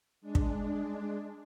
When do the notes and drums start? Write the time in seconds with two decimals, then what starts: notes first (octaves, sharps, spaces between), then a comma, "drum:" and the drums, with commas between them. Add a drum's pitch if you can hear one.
0.21 G#3 D4
0.35 drum: kick